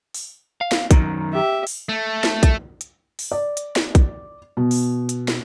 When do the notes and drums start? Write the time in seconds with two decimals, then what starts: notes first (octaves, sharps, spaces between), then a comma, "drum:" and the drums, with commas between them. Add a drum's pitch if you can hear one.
0.15 drum: open hi-hat
0.61 F5
0.72 drum: snare
0.91 F#2 D#3, drum: kick, hi-hat
1.32 G4 E5
1.67 drum: open hi-hat
1.89 A3
2.24 drum: snare
2.43 drum: kick, hi-hat
2.81 drum: hi-hat
3.19 drum: open hi-hat
3.32 D5
3.57 drum: hi-hat
3.76 drum: snare
3.95 drum: kick, hi-hat
4.57 B2
4.71 drum: open hi-hat
5.09 drum: hi-hat
5.28 drum: snare